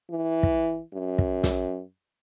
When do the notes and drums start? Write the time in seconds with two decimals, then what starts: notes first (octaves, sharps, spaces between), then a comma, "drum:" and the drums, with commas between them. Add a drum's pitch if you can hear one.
0.11 E3
0.43 drum: kick
0.93 F#2
1.18 drum: kick
1.44 drum: snare